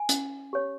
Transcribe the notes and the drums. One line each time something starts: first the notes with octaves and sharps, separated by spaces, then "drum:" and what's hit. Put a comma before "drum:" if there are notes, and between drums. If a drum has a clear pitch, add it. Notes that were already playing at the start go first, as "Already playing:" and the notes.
Already playing: G#5
C#4, drum: hi-hat
G4 C#5